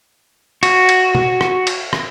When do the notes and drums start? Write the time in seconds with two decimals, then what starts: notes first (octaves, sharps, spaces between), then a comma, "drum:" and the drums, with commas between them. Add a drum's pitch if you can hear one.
0.63 F#4, drum: cymbal
0.89 drum: cymbal
1.15 drum: tom B2
1.41 drum: rim click
1.67 drum: cymbal
1.93 drum: rim click